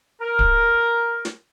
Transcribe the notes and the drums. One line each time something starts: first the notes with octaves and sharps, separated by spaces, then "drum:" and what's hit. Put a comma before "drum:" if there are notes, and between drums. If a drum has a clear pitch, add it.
A#4
drum: kick D1
drum: snare